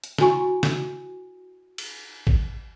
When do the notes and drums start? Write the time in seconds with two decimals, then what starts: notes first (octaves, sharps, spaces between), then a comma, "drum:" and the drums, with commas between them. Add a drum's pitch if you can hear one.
0.04 drum: hi-hat
0.18 E4 F#4 G#5 C#6, drum: snare
0.63 drum: snare
1.78 drum: cymbal
2.27 drum: kick